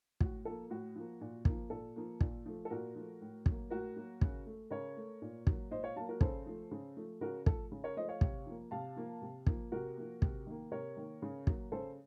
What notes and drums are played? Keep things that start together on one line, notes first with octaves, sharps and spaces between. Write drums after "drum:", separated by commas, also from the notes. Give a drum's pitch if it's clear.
A2 F#4, drum: kick
F3 A#3 A4
A2 F#4
F3 A#3
A#2
F3 A#3, drum: kick
A#2 A4
F3 A#3
A#2, drum: kick
F3 A3
A4
A#2 F#4 A#4
F3 A3
A2
F#3 A#3, drum: kick
A2 F#4 A#4
F#3 A#3
C#3, drum: kick
A3
C#3 A#4 C#5
A3
A#2
F#3 A#3, drum: kick
A#2 C5 D#5
C#5 F5
F#3 A#3 F5 A5
F#4 A#4
C#3 A4 C5, drum: kick
F3 A3
C#3
F3 A3
C#3 F#4 A#4
F3 A3 A4, drum: kick
C#3
A#4 C#5
F3 A3 C5 D#5
C#5 F5
C3, drum: kick
F3 A#3
C3 F5 A5
F3 A#3
C3
F3 A#3, drum: kick
C3 F#4 A#4
F3 A#3
C3, drum: kick
D#3 A#3
C3 A#4 C#5
D#3 A#3
C#3
F#3 A#3, drum: kick
C#3 A4 C5